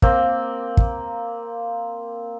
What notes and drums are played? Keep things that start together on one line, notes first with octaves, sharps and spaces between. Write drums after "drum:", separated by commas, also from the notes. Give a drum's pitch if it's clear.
A#3 C4, drum: kick
drum: kick